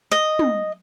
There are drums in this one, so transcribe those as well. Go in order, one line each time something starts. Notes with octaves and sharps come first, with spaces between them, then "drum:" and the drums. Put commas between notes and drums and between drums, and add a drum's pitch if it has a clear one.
D#5
drum: tom